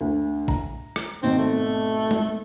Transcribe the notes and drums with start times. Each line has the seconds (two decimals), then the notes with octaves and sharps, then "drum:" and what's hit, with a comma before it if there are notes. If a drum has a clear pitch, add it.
0.01 D2
0.48 A#5, drum: kick
0.96 drum: rim click
1.23 G#1 B2 C4, drum: tambourine
1.38 A3
2.11 drum: tom G#3